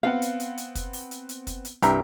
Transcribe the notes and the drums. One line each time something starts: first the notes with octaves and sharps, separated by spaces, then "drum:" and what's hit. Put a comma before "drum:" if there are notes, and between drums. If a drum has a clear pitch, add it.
B3 C4 F5 F#5
drum: hi-hat
drum: hi-hat
drum: hi-hat
drum: kick, hi-hat
drum: open hi-hat
drum: hi-hat
drum: hi-hat
drum: kick, hi-hat
drum: hi-hat
C2 G2 E5 G5 A#5, drum: hi-hat